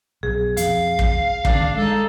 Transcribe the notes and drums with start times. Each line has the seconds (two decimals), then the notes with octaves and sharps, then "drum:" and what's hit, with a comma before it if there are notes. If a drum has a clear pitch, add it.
0.23 B1 G#4
0.57 F2 F5, drum: hi-hat
0.99 drum: kick
1.45 A1 D#3 C#4 D4, drum: kick
1.77 G#3 D#4 A4